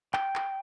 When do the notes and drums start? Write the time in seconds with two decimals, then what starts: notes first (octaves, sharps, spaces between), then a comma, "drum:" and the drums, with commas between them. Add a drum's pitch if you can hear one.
0.14 G5, drum: clap
0.36 drum: clap